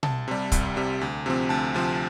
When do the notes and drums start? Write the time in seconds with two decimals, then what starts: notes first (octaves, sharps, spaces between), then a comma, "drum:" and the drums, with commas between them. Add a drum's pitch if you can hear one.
0.03 C2 A5, drum: tom B2
0.28 C3 G3
0.52 C2, drum: kick, hi-hat
0.77 C3 G3
1.01 D2
1.26 C3 F3 C4
1.49 D2 A5
1.74 C3 F3 C4